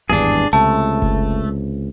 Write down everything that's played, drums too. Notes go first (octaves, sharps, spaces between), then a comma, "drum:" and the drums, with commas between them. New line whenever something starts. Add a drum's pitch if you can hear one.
G#1 E2 G2 D4 G#4
C#2 C3 A3 A5
drum: kick F#1